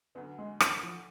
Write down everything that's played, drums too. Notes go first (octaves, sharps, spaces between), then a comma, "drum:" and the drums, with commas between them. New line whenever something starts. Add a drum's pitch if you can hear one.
D2 D3 F#3 B3
G#3
drum: rim click
F3